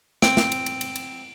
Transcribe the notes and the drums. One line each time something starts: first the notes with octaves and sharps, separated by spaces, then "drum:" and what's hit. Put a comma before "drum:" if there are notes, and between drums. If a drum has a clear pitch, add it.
C4 D7, drum: snare
drum: snare
drum: cymbal
drum: cymbal
drum: cymbal
drum: cymbal